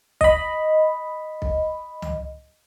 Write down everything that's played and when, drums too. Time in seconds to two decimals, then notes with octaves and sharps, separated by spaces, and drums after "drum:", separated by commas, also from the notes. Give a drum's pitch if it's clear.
0.21 D#5 B5, drum: kick B1
1.42 drum: kick B1
2.02 drum: tom C#2